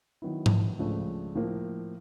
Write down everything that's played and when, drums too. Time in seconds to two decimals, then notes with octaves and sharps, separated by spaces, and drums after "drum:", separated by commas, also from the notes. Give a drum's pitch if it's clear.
0.22 D#3 F#3 B3 E4
0.46 drum: tom G#2
0.79 C#2 C#3 F3 A3 D4
1.35 A2 F3 A#3